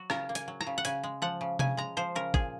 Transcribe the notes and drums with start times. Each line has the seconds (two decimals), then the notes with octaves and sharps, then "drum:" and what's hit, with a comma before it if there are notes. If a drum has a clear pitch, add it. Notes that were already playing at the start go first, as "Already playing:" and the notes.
Already playing: F#3 F#4
0.10 C#3 A#4, drum: rim click
0.29 A#3
0.35 G#5, drum: hi-hat
0.48 F#3
0.61 A#5, drum: rim click
0.67 C#3
0.78 F#5
0.85 C#3 G#5, drum: hi-hat
1.03 G#3
1.22 F3 F#5
1.41 C#3
1.59 C#3 G#5, drum: tom C3
1.77 G#3 A#5
1.97 F3 C5
2.15 C#3 A#4
2.34 A#2 G#4, drum: kick